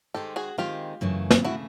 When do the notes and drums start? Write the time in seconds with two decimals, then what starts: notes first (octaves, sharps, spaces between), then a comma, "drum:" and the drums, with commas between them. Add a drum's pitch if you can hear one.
0.14 D#3 G#3 C4 G4 A4
0.36 F#4 G#4
0.58 D#3 G#3 C4 F4 G4
1.01 F#2 C#3 E3 A3
1.31 drum: snare
1.44 C#3 E3 A3 E4 F#4